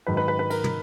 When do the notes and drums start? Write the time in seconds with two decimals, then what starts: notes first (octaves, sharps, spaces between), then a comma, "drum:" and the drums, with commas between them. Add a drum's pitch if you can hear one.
0.07 G#2 D#3 F#3 B4
0.17 B4
0.28 B4
0.39 B4
0.50 A#4, drum: cymbal
0.64 drum: tom